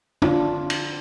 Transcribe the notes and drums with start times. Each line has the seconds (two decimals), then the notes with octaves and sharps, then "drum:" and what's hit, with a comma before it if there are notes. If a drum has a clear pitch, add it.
0.22 D4 F4, drum: tom
0.70 drum: cymbal